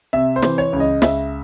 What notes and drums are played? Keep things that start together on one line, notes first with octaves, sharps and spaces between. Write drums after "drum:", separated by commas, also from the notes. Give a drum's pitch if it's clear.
C3 E5
C5
E3, drum: snare
C#5
C#2
D#5
C#2 E5, drum: snare